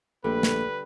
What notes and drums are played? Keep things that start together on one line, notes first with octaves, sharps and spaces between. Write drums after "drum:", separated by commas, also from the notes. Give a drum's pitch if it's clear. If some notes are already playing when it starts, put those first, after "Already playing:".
A#1 D3 G3 A3 B4
drum: snare